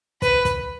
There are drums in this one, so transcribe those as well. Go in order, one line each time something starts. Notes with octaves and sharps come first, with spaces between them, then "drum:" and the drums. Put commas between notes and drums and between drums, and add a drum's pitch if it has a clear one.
B4, drum: kick, hi-hat
drum: kick, hi-hat